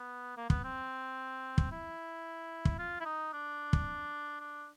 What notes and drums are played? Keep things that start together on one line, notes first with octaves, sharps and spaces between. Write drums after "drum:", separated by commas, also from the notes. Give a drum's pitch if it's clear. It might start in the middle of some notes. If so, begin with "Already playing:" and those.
Already playing: B3
A#3
B3, drum: kick
C4
drum: kick
E4
drum: kick
F4
E4
D#4
D4
drum: kick
D4